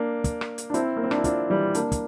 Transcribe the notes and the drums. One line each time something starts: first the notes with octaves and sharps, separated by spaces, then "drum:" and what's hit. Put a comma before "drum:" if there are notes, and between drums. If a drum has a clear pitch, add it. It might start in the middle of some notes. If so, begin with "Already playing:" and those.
Already playing: A#3 D4
drum: kick, hi-hat
drum: rim click
drum: hi-hat
D4
C4 E4, drum: hi-hat
A#3
C4
D4, drum: rim click
E4
D4 F4, drum: kick, hi-hat
E3 G3
A#3 D4, drum: hi-hat
drum: kick, hi-hat